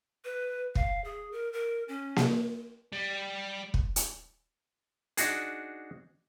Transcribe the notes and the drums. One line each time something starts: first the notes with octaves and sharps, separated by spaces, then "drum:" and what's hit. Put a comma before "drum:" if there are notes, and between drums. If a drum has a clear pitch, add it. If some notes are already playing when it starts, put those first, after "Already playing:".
B4
F5, drum: kick
G#4
A#4
A#4
C#4
drum: snare A#3
G3
drum: kick
drum: hi-hat
D4 D#4 F#4 G#4, drum: hi-hat